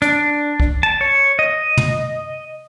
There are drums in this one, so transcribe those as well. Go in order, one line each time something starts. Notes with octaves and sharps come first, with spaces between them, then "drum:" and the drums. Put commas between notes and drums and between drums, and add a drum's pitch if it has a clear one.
D4, drum: hi-hat
drum: kick
A5
C#5
D#5
drum: tom